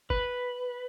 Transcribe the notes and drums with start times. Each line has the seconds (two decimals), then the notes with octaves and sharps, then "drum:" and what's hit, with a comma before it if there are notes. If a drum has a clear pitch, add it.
0.10 B4, drum: kick